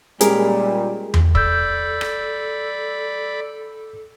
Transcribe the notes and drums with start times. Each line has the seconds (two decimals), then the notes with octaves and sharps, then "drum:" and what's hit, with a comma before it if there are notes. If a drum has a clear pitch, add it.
0.21 A#2 G3 G#3 C#4 G4 G#4 A#4, drum: hi-hat
1.14 drum: tom E2
1.35 A4 D5 B5 E6 G6, drum: kick
2.01 drum: rim click